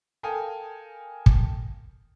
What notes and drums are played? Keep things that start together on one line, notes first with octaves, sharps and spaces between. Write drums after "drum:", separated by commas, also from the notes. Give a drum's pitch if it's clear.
A4 A#4 F5 G5 G#5 D#6
drum: kick